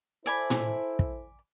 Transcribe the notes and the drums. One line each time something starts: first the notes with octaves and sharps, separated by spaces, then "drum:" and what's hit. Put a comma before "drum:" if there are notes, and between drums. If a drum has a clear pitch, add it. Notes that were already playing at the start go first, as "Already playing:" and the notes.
E4 A4 C5 D5 G#5 B5
drum: tom A2
drum: kick